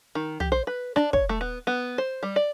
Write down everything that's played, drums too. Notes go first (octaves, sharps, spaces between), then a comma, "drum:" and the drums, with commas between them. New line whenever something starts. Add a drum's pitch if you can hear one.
D#3
G4, drum: tom
C5
B4
D4, drum: rim click
C#5, drum: kick
A3
B3
B3
C5
G3
D5